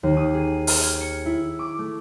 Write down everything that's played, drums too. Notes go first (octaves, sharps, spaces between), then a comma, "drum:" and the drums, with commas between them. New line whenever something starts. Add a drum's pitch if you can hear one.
D#2
D#6
G#4
F6, drum: open hi-hat
G#6
C#7
E4
D6
A3